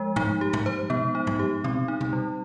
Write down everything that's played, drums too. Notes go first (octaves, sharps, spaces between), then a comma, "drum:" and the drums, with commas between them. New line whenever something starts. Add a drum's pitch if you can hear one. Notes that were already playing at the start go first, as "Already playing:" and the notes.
Already playing: F3 G#3
D#4, drum: tom G#2
G4
drum: tom G#2
C5
B3, drum: tom B2
D#4
drum: tom G#2
G4
C4, drum: tom B2
D#4
drum: tom B2
G3